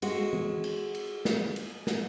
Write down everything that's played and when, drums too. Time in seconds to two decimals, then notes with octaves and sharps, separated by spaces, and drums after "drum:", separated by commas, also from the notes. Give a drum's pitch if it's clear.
0.02 G#3 F#4, drum: cymbal
0.33 drum: tom
0.64 drum: cymbal
0.95 drum: cymbal
1.25 drum: snare
1.56 drum: cymbal
1.87 drum: snare